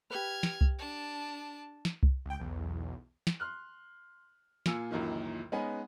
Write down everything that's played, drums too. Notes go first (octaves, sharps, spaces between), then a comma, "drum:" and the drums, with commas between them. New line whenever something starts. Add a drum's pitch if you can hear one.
G4 B4 F6 G#6
drum: snare
drum: kick C2
D4 A5
drum: snare
drum: kick C2
C#2 G5
B1 E2
drum: snare
C6 F6 F#6
A#2 F4 G#5 E6 C#7, drum: snare
C#2 F#2 A#2 D#3 E3
G#3 B3 C#4 D#4 B4 G#5